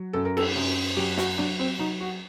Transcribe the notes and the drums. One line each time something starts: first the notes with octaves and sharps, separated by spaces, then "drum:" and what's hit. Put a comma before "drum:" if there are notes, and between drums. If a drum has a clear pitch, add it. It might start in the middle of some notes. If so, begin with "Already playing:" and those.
Already playing: F#3
F#2 A4
A#4
A4, drum: cymbal
F#2
F#3 G4
F#4, drum: snare
F#3 D4
C4
F#3 D#4
F#4